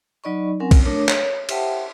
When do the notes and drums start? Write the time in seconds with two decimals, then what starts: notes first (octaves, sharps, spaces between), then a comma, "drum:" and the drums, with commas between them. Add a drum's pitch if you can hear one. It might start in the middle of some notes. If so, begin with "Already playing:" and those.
0.24 F#3 D#4 D5 D#5 B5 C#6
0.60 F#3 C4 C#4 A#4 F#5 G#5
0.71 drum: kick, cymbal
0.86 A3 D4 A#4 C#5 D6 D#6
1.09 C#5, drum: clap
1.49 G4 C5 E5 F#5 G5 A5, drum: cymbal